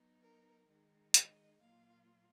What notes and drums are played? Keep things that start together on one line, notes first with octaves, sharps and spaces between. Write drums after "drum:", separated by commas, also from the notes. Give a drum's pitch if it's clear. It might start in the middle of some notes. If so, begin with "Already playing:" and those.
Already playing: F#3 B3 D#4
A#4
D#3 G#3 D#4
D#5, drum: hi-hat
A#2 F#3 A#3 F4 F5